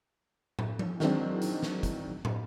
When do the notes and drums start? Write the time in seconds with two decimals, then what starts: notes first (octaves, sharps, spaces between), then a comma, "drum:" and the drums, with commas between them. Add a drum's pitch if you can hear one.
0.59 drum: tom
0.79 drum: tom F3
1.00 D#3 E3 F#3 G#3 C4 D4, drum: snare
1.42 drum: hi-hat
1.62 drum: snare
1.83 drum: kick, hi-hat
2.25 drum: tom